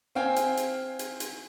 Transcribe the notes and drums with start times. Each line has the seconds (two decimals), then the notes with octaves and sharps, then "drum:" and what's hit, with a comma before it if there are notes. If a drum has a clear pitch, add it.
0.15 C4 F5 G5 G#5
0.36 drum: hi-hat
0.57 drum: hi-hat
0.99 drum: hi-hat
1.20 drum: hi-hat